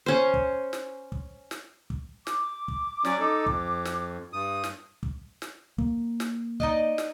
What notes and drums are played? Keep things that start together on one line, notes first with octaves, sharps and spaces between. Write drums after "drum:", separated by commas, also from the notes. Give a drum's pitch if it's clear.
C#4 C5
drum: kick
drum: snare
drum: kick
drum: snare
drum: kick
D6, drum: snare
drum: kick
F#3 C#4 D5, drum: snare
D#4 A4
F2, drum: kick
drum: snare
G2 D#6
drum: snare
drum: kick
drum: snare
A#3, drum: kick
drum: snare
D#4 D5 D#5, drum: kick
drum: snare